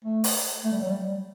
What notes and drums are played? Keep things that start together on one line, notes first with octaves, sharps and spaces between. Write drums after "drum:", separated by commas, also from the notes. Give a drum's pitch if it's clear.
A3
drum: open hi-hat
A3
G3
F#3
G3